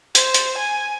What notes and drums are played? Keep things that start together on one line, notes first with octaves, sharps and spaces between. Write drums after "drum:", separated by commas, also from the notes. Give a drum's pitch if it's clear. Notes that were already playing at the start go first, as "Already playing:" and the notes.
C5, drum: hi-hat
drum: hi-hat
G#5